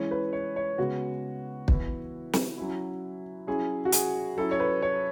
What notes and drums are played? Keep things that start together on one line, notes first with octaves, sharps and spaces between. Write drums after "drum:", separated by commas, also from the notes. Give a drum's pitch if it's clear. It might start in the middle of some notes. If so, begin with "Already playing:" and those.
Already playing: E3 G#3 C#4 E4 C#5
B4
C#5
C#5
C#3 G#3 B3 F#4
E3 B3 E4, drum: kick
drum: snare
F#3 C#4 E4
F#3 C#4 E4 G#4
F#4
G#4, drum: hi-hat
F#3 C#4 E4 A4
C#5
B4
C#5